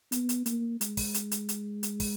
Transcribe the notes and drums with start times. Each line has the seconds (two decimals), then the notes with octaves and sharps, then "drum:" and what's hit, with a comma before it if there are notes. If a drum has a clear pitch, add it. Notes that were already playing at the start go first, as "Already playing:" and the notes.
0.12 B3, drum: hi-hat
0.29 drum: hi-hat
0.46 A#3, drum: hi-hat
0.81 G#3, drum: hi-hat
0.97 drum: kick, open hi-hat
1.14 drum: hi-hat
1.31 drum: hi-hat
1.49 drum: hi-hat
1.83 drum: hi-hat
2.00 drum: kick, open hi-hat